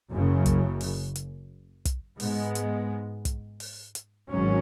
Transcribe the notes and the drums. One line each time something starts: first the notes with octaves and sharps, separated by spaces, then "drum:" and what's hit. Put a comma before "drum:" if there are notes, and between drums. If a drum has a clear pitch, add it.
F#1 F#2 C#3
drum: kick, hi-hat
drum: open hi-hat
drum: hi-hat
drum: kick, hi-hat
G#2 G#3 B3, drum: open hi-hat
drum: hi-hat
drum: kick, hi-hat
drum: open hi-hat
drum: hi-hat
G#1 G#2 F#3 C#4